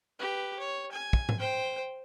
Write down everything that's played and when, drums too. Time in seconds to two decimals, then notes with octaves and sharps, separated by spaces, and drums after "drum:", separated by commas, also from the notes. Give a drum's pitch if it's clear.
0.19 G4 B4
0.59 C#5
0.92 G#5
1.13 drum: kick
1.29 drum: tom G#2
1.39 C5 G5